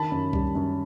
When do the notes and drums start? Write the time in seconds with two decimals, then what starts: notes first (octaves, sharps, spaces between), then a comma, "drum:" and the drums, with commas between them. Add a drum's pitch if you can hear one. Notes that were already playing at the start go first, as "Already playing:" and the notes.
Already playing: D#3 A5 B5
0.12 F#2
0.33 G3, drum: kick C#2
0.55 F#2